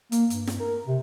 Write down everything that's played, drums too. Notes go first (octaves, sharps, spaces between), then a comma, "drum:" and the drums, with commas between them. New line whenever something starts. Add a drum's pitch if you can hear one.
A#3, drum: hi-hat
G2, drum: hi-hat
drum: snare
A#4
C3